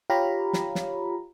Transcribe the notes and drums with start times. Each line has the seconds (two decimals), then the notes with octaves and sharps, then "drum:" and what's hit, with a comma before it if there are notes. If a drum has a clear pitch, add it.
0.10 F4 G4 C#5 F5 A#5 B5
0.53 drum: snare
0.75 drum: snare